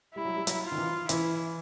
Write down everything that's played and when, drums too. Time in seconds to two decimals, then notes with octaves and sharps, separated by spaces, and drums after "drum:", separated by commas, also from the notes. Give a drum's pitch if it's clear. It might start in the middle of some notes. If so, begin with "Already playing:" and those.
0.15 G3 E4
0.25 F#3
0.36 G3
0.47 F#3, drum: hi-hat
0.63 F4
0.72 D#3
0.78 E3
1.09 E3 E4, drum: hi-hat